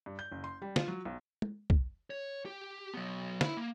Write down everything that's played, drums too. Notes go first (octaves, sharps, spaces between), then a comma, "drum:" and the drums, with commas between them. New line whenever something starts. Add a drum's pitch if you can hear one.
G2
G6
F#1
C6
G3
F4, drum: snare
F#3
B1
drum: tom
drum: kick
C#5
G4
F#3 B3
E4 B5, drum: snare
A#3